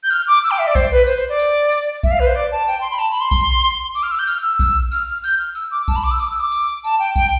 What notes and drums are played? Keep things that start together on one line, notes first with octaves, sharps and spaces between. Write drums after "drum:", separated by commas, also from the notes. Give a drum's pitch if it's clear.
G6
F6, drum: tambourine
D6
E6, drum: tambourine
G5
E5
D5
C5, drum: kick A#1, tambourine
B4
C5, drum: tambourine
C5
D5
drum: tambourine
drum: tambourine
E5, drum: kick A#1, tambourine
F5
B4
C5
D5
A5
G5, drum: tambourine
C6
B5
A5, drum: tambourine
B5
C6
drum: kick A#1, tambourine
drum: tambourine
D6, drum: tambourine
F6
E6
G6
F6, drum: tambourine
E6
drum: kick A#1, tambourine
F6, drum: tambourine
F6
G6, drum: tambourine
F6
E6, drum: tambourine
D6
A5, drum: kick A#1, tambourine
B5
D6
E6
D6, drum: tambourine
E6
D6
drum: tambourine
A5, drum: tambourine
G5
G5, drum: kick A#1, tambourine